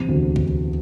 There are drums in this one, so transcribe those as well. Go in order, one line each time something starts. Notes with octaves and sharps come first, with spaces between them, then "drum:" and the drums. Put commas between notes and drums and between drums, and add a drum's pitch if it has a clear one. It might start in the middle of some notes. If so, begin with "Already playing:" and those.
Already playing: E2 C3
D2
drum: kick